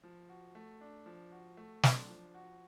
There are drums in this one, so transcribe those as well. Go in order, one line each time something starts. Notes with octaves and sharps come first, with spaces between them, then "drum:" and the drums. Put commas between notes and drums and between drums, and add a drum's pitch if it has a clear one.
F3
F#4
A3
D4
F3
F#4
A3
D4, drum: snare
F3
F#4